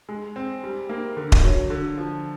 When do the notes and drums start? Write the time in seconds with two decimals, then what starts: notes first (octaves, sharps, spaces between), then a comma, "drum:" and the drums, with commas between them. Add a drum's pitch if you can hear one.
0.09 G#3
0.36 C4
0.64 G3
0.89 A#3
1.17 D3
1.32 drum: kick D#1
1.44 F#3
1.70 D3
1.97 F3